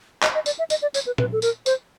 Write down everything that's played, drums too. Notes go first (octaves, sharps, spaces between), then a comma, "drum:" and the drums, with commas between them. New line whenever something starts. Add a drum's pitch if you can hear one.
D#5, drum: clap
D#5
D5, drum: tambourine
E5
D#5, drum: tambourine
D5
C#5, drum: tambourine
B4
B4, drum: tom A#2
A4
A#4, drum: tambourine
C5, drum: tambourine